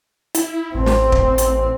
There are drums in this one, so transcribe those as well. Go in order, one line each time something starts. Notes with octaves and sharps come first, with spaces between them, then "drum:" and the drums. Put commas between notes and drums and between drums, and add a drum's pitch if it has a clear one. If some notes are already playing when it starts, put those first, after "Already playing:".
E4, drum: hi-hat
A1 C4
drum: snare
drum: kick
drum: hi-hat